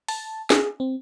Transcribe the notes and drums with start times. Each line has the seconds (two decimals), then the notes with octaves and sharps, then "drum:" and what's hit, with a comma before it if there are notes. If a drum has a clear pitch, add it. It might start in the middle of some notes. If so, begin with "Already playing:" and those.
0.08 A5, drum: open hi-hat
0.50 G#4, drum: snare
0.80 C4